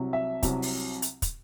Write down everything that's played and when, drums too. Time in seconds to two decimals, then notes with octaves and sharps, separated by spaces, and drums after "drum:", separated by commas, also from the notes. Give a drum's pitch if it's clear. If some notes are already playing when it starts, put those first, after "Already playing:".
Already playing: C2 C3 F#3
0.13 E5
0.43 C2 C3 F#3, drum: kick, hi-hat
0.62 drum: open hi-hat
1.02 drum: hi-hat
1.22 drum: kick, hi-hat